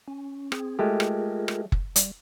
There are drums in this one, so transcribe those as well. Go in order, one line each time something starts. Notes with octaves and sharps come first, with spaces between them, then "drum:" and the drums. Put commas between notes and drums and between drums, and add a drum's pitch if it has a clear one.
C#4
C4 G#4, drum: rim click
G#3 A3 F4 G4 G#4 A#4
drum: rim click
drum: rim click
drum: kick F#1
G3, drum: hi-hat